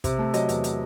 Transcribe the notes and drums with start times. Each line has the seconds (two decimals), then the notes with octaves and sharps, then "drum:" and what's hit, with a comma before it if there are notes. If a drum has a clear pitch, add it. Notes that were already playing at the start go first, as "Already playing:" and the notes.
0.04 C3, drum: kick, hi-hat
0.19 A3
0.34 F#3 D#5, drum: hi-hat
0.49 E2, drum: hi-hat
0.64 drum: hi-hat